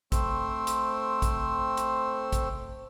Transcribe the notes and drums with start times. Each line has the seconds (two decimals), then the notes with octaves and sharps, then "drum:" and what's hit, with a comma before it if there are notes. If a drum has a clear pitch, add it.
0.12 A3 C4 C5 E6, drum: kick A1, hi-hat
0.67 drum: hi-hat
1.22 drum: kick A1, hi-hat
1.77 drum: hi-hat
2.33 drum: kick A1, hi-hat